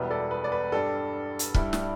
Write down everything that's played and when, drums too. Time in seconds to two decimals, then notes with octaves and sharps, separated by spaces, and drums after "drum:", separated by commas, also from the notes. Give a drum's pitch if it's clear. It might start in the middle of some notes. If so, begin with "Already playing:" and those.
Already playing: E1 E2 B2 G3 B4 E5
0.10 A4 D5
0.31 B4
0.44 D5
0.52 B4
0.72 G2 G3 D4 A4
1.39 drum: hi-hat
1.54 G2 G3 E4, drum: kick
1.73 drum: snare